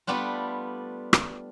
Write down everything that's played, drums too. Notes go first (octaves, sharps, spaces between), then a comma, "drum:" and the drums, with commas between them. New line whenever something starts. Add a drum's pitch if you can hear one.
G3 A3 B3 D4 F4
drum: rim click